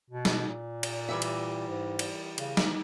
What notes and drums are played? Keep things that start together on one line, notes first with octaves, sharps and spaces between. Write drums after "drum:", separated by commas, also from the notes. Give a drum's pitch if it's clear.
B2
drum: snare
A#2
drum: cymbal
E3 G3 E5
drum: cymbal
G#2
drum: cymbal
C#3, drum: cymbal
drum: snare